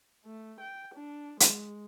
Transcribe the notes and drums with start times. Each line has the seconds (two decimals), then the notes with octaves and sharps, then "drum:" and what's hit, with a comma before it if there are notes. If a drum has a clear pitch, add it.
0.25 A3
0.60 G5
0.94 D4
1.40 G#3, drum: hi-hat